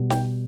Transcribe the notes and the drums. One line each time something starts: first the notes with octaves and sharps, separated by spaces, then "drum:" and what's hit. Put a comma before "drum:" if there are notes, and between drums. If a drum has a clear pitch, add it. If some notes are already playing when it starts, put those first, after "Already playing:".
Already playing: B2 G3
G5, drum: snare